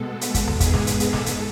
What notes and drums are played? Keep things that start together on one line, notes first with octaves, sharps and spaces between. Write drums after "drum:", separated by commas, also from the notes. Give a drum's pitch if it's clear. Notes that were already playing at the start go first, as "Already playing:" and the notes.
Already playing: B2 G#3 B3 A4
drum: hi-hat
drum: kick, hi-hat
drum: tom E2
G#2 G#3 B3 G#4, drum: kick, hi-hat
drum: snare
drum: hi-hat
A4, drum: hi-hat
drum: snare
drum: hi-hat